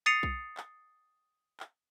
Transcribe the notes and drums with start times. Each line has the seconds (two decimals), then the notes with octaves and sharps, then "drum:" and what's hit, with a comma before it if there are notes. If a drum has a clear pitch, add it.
0.06 D#6 A6 C7 C#7 D#7 F7
0.23 drum: kick B1
0.57 drum: clap
1.60 drum: clap